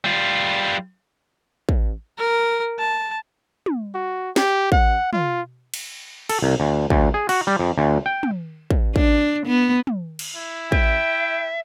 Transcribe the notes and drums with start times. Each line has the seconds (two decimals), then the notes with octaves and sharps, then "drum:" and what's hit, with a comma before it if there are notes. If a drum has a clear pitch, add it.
0.04 G3 F4
1.69 drum: kick
2.18 A#4
2.79 A5
3.66 drum: tom
3.94 F#4
4.36 G4, drum: snare
4.72 F#5, drum: kick
5.13 F4, drum: tom
5.74 drum: cymbal
6.29 A4, drum: cymbal
6.42 C2
6.60 D2
6.90 D2, drum: kick
7.14 G#4
7.29 F#4, drum: cymbal
7.47 G3
7.59 F2
7.78 D2
8.06 G5
8.23 drum: tom
8.70 drum: kick
8.96 D4, drum: kick
9.47 B3
9.87 drum: tom
10.19 drum: cymbal
10.36 E4
10.72 E5 G5, drum: kick